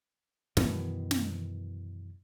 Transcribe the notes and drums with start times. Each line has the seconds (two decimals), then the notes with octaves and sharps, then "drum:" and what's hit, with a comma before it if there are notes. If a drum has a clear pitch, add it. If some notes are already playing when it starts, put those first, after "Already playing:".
0.57 F#2 B2 D#3 E3, drum: snare
1.11 drum: snare